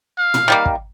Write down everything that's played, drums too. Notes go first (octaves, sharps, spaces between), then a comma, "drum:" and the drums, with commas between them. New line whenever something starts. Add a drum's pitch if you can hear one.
F5
drum: tom
D#3 G3 A#3
drum: kick